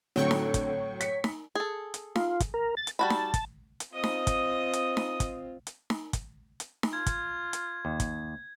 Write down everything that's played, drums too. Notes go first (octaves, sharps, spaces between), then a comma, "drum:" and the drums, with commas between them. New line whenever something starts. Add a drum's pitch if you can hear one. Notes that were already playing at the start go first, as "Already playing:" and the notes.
A2 D3 F#3 A3 C4 C#5 G5 C#6
drum: snare D#4
drum: kick, hi-hat
B6 C#7, drum: hi-hat
drum: snare D#4
G#4 A4
drum: hi-hat
F4, drum: snare D#4
drum: kick, hi-hat
A#4
A6
drum: hi-hat
G3 F#4 A5 B5
drum: snare D#4
drum: kick, hi-hat
drum: hi-hat
C4 F4 D#5 D#6
drum: snare D#4
drum: kick, hi-hat
drum: hi-hat
drum: snare D#4
drum: kick, hi-hat
drum: hi-hat
drum: snare D#4
drum: kick, hi-hat
drum: hi-hat
drum: snare D#4
F4 G#6
drum: kick, hi-hat
drum: hi-hat
D#2
drum: kick, hi-hat